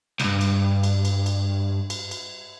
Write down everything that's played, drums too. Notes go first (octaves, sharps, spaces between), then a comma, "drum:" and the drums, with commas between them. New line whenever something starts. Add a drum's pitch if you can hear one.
C2 G2, drum: cymbal
drum: cymbal
drum: cymbal
drum: cymbal
drum: cymbal
drum: cymbal
drum: cymbal